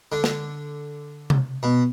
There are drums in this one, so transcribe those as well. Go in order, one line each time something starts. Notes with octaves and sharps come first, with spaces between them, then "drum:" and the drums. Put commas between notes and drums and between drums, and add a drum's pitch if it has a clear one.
D3
drum: snare
drum: tom C3
B2